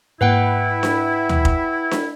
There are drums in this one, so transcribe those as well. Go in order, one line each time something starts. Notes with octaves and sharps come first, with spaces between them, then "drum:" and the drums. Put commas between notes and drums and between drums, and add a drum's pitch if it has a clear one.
G#2 A#3 E4 B4 F#5 G5
drum: snare D4
drum: tom D2
drum: kick F1
drum: snare D4